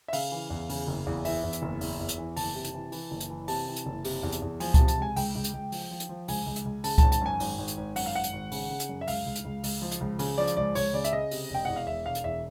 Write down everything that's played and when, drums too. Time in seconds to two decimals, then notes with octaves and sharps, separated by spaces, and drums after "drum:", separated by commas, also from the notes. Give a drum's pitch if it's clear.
0.08 E5
0.13 C#3 F5, drum: open hi-hat
0.32 E3
0.50 E2
0.69 C#3, drum: open hi-hat
0.87 F#1
1.07 E2
1.25 E3 E5, drum: open hi-hat
1.43 E2
1.53 drum: hi-hat
1.62 F#1
1.81 E2, drum: open hi-hat
1.99 E2
2.09 drum: hi-hat
2.18 E3
2.36 F#1 A5, drum: open hi-hat
2.55 C3
2.65 drum: hi-hat
2.74 E3
2.92 E3, drum: open hi-hat
3.11 F#1
3.20 drum: hi-hat
3.30 E3
3.48 C3 A5, drum: open hi-hat
3.67 E3
3.76 drum: hi-hat
3.86 F#1
4.04 C3, drum: open hi-hat
4.23 E2
4.32 drum: hi-hat
4.42 E2
4.60 F3 G#5, drum: open hi-hat
4.74 A5, drum: kick C#2, hi-hat
4.79 C3
4.88 A5, drum: hi-hat
4.97 C#2 G#5
5.16 C#2 G5, drum: open hi-hat
5.35 C#2
5.44 drum: hi-hat
5.53 C#2
5.72 F3, drum: open hi-hat
5.91 F3
6.00 drum: hi-hat
6.09 F3
6.28 C#2 G#5, drum: open hi-hat
6.46 C#2
6.56 drum: hi-hat
6.65 C#2
6.84 C#3 A5, drum: open hi-hat
6.98 G#1 A5, drum: kick C#2, hi-hat
7.12 A5, drum: hi-hat
7.21 F#2 G#5
7.40 G#1, drum: open hi-hat
7.59 G#1
7.68 drum: hi-hat
7.77 G#1
7.96 F#2 F#5, drum: open hi-hat
8.06 F5
8.14 G#1 F#5
8.24 drum: hi-hat
8.33 G#1
8.52 C#3, drum: open hi-hat
8.70 C#3
8.80 drum: hi-hat
8.89 F#2
9.01 E5
9.08 C#2 F5, drum: open hi-hat
9.26 C#2
9.36 drum: hi-hat
9.45 C#2
9.64 C#2, drum: open hi-hat
9.82 F3
9.91 drum: hi-hat
10.01 C#2
10.19 C#3, drum: open hi-hat
10.38 F3 D5
10.47 drum: hi-hat
10.57 C#2 D5
10.75 C#2 C#5, drum: open hi-hat
10.94 C#3 D5
11.04 E5, drum: hi-hat
11.12 C#3 D#5
11.31 C3, drum: open hi-hat
11.50 E1 G5
11.65 E2 F#5
11.76 F5
11.87 E1 E5
12.06 E1 F5
12.15 drum: hi-hat
12.24 E2 E5